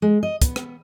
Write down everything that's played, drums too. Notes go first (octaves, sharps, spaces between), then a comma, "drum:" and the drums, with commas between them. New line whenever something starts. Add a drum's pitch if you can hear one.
G#3
D#5
B3, drum: kick, hi-hat
drum: rim click